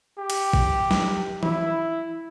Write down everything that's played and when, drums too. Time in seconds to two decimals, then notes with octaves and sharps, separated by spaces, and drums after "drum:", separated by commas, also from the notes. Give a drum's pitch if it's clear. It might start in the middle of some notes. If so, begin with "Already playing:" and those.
0.19 G4
0.30 drum: cymbal
0.53 drum: kick A1
0.91 drum: snare
1.43 E4, drum: tom E3